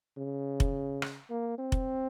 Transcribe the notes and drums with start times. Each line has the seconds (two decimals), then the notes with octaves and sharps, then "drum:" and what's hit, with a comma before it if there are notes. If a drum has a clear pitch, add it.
0.18 C#3
0.60 drum: kick F1
1.02 drum: rim click
1.30 A#3
1.58 C4
1.72 drum: kick F1